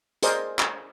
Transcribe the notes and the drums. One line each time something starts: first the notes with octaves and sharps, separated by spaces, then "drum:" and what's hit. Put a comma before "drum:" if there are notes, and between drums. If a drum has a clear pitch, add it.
G#4 A#4 C5 D5 D#5, drum: hi-hat
drum: clap